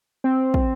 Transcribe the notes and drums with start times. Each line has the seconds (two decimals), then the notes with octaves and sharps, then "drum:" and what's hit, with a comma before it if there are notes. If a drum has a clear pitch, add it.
0.24 C4
0.54 drum: kick